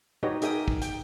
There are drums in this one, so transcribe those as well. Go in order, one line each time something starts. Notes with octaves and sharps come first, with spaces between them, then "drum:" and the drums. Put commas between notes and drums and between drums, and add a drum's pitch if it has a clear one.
D#4 F#4 G4 B4 C#5 D#5
D#4 G#4 A#4 E5 G5 D#6, drum: hi-hat
drum: kick
G5, drum: hi-hat